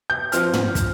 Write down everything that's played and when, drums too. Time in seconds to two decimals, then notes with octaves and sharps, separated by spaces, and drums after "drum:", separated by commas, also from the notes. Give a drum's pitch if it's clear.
0.10 G6
0.32 F3 C4 F6, drum: hi-hat
0.53 drum: tom
0.75 drum: kick, hi-hat